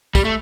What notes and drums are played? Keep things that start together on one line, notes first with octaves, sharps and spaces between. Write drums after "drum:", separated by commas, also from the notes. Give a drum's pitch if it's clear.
G3, drum: kick, tambourine
A3